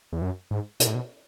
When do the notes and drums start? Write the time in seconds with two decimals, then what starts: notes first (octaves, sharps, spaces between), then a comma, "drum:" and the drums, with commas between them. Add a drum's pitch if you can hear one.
0.12 E2
0.22 F#2
0.51 G#2
0.80 B2, drum: hi-hat
0.87 A2
0.95 B2